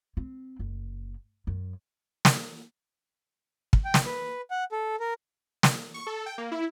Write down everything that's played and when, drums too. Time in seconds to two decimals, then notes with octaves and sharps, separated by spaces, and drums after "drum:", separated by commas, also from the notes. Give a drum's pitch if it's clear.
0.17 C4
0.59 F#1
1.47 F#2
2.25 drum: snare
3.73 drum: kick
3.85 G5
3.94 drum: snare
4.06 B4
4.51 F#5
4.72 A4
5.00 A#4
5.63 drum: snare
5.94 C#6
6.07 A4
6.26 G5
6.38 A#3
6.52 E4